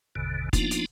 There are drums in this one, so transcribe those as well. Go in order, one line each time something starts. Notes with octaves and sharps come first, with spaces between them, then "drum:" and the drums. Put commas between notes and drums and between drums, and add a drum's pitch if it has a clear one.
G#1 E2 B2 D3
F3 A#3 B3 D4 D#4 F4, drum: kick F1, hi-hat
drum: hi-hat